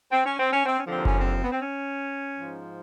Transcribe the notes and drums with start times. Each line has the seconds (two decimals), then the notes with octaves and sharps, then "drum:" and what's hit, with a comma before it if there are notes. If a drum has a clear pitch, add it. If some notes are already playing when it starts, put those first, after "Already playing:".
0.12 C4
0.25 C#4
0.40 C4
0.53 C#4
0.66 C4
0.79 C#4
0.87 D#2 D3 F3 C4
1.05 C#4, drum: kick F#1
1.18 C4
1.44 B3
1.52 C4
1.61 C#4
2.36 G#2 F3